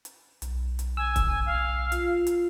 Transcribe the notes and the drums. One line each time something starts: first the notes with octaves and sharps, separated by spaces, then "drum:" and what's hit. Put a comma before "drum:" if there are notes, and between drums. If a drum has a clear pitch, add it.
drum: hi-hat
B1, drum: hi-hat
drum: hi-hat
G#5 E6
drum: kick, hi-hat
F5
F4, drum: hi-hat
drum: hi-hat